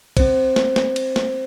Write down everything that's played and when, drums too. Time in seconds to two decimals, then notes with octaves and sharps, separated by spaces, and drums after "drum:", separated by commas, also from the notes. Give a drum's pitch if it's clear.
0.17 C4 C5, drum: kick, cymbal
0.56 drum: snare
0.76 drum: snare
0.96 drum: cymbal
1.16 drum: snare